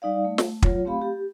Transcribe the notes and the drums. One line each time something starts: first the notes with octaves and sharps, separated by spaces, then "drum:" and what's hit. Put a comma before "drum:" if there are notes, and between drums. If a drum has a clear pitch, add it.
G3 D#4 D5 F5
A3
drum: snare
F#3 F4 C#5, drum: kick
A3 C4 G4 F5 B5
G4